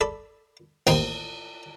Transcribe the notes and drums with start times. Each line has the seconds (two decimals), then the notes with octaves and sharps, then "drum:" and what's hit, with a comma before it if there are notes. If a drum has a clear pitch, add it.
0.01 A4 D5 B5
0.87 A1 D#2 C4 D#4, drum: cymbal